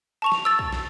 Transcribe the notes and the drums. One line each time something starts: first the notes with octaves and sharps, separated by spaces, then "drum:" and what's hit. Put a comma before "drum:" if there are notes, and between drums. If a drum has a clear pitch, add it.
A5 C#6 F7
drum: snare
E6 A6
drum: kick
drum: snare